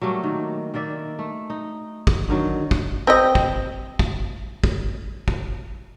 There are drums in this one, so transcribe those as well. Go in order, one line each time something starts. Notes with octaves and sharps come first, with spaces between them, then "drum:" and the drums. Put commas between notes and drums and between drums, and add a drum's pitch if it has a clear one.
F#3 G3 A3 A#3
D#3
D#3 A#3 D5 E5
A3
D#4
drum: kick
D3 D#3 F#3
drum: kick
C4 G4 D#5
drum: kick
drum: kick
drum: kick
drum: kick